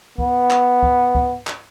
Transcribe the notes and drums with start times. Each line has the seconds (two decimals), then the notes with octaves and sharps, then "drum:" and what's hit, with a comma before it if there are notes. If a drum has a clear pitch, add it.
0.18 B3, drum: kick C#2
0.51 drum: clap
0.83 drum: kick C#2
1.15 drum: kick C#2
1.47 drum: clap